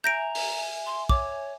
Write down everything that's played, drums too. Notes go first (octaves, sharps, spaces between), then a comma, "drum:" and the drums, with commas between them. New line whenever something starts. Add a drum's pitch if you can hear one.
E5 G#5 A#5 G6 A#6 D7
drum: open hi-hat
C6
C#5 D6, drum: kick